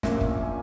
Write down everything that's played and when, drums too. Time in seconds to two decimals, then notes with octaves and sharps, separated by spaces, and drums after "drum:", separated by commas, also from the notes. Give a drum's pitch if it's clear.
0.03 A#1 A#2 A#3 C#4 E5, drum: snare
0.21 drum: kick
0.43 G#5